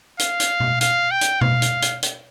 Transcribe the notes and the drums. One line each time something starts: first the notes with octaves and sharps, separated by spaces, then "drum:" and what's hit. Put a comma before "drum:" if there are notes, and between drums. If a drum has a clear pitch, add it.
F5, drum: hi-hat
drum: hi-hat
drum: tom B2
F5, drum: hi-hat
G5
drum: hi-hat
F5, drum: tom B2
drum: hi-hat
drum: hi-hat
drum: hi-hat